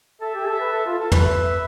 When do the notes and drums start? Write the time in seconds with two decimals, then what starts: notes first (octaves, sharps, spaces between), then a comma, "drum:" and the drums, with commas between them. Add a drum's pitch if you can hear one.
0.21 A4 E5
0.35 G4
0.47 A4
0.61 B4
0.73 A4
0.86 F4
0.99 A4
1.12 B4, drum: tom
1.25 E5